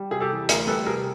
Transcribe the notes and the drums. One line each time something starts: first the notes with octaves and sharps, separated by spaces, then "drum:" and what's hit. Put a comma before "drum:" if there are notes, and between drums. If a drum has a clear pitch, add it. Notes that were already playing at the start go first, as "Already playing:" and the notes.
Already playing: G3
C3 G#4
G4 A4
E3
D2 G#4 A#4, drum: hi-hat
G3 A4 B4
C3 G#4 A#4